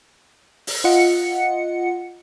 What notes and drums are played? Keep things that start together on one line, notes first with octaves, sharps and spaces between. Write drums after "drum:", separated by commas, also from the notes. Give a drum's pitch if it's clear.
drum: open hi-hat
F4 D#5 F#5 C#7